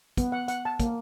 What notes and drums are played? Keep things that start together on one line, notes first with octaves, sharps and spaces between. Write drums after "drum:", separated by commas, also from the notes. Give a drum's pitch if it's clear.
B3, drum: kick, hi-hat
F#5
F#5, drum: hi-hat
A5
A#3, drum: kick, hi-hat